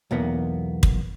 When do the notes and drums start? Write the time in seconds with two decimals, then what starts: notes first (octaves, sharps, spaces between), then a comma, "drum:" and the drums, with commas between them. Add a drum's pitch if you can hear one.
0.11 B1 E2 A#3 B3
0.83 drum: kick